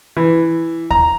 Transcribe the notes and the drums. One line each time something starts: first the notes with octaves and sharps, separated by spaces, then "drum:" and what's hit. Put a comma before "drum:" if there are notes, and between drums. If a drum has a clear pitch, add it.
E3
A#5, drum: kick D#2